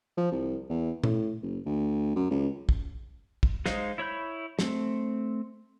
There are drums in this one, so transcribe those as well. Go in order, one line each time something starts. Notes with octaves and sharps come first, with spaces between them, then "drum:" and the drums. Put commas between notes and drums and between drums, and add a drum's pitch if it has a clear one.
F3
C2
E2
A2, drum: tom
F#1
D2
F#2
C#2
drum: kick
drum: kick
G#3 D#4 C5 F5, drum: snare
E4 C#5 B5 G6
A3 C4, drum: snare